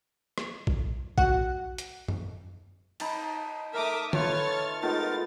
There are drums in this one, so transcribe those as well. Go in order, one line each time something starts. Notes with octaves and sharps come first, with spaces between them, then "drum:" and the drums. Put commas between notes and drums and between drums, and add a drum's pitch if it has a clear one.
drum: rim click
drum: kick A#1
F#4 F#5, drum: kick A#1
drum: hi-hat
drum: tom F#2
D#4 A5 B5, drum: cymbal
A3 A#4 E5 A#5 D6 D#6
F4 A4 B4 C#5 C#6 F6 A6, drum: tom D3
G#3 A3 B3 D#4 F4 A#4 A6